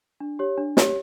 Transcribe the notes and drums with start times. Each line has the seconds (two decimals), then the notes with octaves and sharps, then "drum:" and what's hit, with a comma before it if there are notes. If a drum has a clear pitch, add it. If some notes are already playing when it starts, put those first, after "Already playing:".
0.20 D4
0.39 G4 C#5
0.58 D4
0.77 G4 C#5, drum: snare